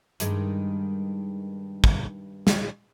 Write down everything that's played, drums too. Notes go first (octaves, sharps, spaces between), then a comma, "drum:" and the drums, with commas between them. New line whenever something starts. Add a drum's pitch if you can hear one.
G2 D#3 G#3, drum: hi-hat
drum: kick
drum: snare